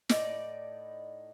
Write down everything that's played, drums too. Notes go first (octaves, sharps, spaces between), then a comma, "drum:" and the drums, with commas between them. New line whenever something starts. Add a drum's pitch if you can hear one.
A2 C#3 D#4 D5, drum: snare